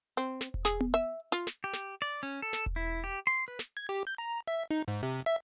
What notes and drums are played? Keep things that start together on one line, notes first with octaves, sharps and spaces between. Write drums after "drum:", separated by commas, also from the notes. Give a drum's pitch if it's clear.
C4
drum: snare
drum: kick E1
G#4, drum: snare
drum: tom B3
E5
F4
drum: snare
G4
drum: snare
D5
C#4
A4
drum: snare
drum: kick E1
E4
G4
C6
B4
drum: snare
G#6
G4
G6
A#5
E5
D#4
G#2
C3
E5